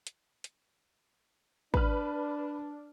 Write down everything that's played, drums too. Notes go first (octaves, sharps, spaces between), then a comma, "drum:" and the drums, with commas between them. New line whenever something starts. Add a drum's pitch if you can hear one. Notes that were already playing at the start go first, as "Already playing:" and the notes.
drum: hi-hat
drum: hi-hat
D4 B4 F6, drum: kick